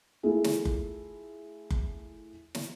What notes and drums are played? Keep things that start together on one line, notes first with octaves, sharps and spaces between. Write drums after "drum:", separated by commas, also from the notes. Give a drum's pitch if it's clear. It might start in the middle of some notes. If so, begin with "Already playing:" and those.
A3 E4 F4 G#4
drum: snare
drum: kick F#1
drum: kick F#1
drum: snare